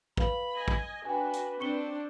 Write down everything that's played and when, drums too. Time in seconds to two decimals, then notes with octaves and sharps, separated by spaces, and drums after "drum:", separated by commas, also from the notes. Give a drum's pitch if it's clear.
0.17 B4 F5 B5, drum: kick
0.56 D#5 G#5
0.68 drum: kick
1.05 D4 F#4 B4 G5 G#5
1.33 drum: hi-hat
1.60 C4 D4 C#6 C#7 G7